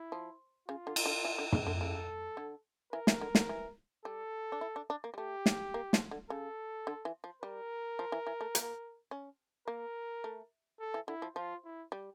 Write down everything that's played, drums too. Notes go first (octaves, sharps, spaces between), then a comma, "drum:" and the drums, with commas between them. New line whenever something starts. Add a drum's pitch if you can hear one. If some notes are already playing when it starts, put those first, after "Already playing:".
Already playing: E4
F3
C#3 F4
D3
drum: cymbal
D3
E3
D3
C#3, drum: tom
D3
C#3 A4
D3
E3 A#4
E3, drum: snare
D3
D3, drum: snare
E3
G3 A4
D4
E4
D4
D4
A#3
G3
A3 G4
drum: snare
A#3
F3, drum: snare
D3
C#3 A4
D3
E3
F3
G3 A#4
F3
E3
E3
A3
A#3, drum: hi-hat
C#4
A#3 A#4
A3
A4
E3
D3 E4
F3
F3 F4
E4
G3